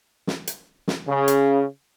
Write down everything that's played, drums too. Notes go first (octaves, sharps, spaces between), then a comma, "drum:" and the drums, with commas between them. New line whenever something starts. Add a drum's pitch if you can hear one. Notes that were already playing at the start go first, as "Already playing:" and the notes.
drum: snare
drum: hi-hat
drum: snare
C#3
drum: hi-hat